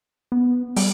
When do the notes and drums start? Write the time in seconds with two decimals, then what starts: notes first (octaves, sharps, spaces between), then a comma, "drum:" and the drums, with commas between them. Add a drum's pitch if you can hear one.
0.32 B3
0.76 G3, drum: open hi-hat